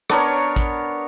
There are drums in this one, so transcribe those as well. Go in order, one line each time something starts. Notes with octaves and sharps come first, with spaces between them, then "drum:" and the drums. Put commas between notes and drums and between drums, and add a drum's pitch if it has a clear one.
B3 D4 A#4 C#5, drum: rim click
drum: kick, hi-hat